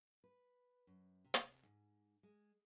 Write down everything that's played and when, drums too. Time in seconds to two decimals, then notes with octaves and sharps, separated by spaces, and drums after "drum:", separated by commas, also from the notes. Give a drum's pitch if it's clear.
0.24 B4
0.87 F#2
1.24 C3
1.34 drum: hi-hat
1.63 G#2
2.23 G#3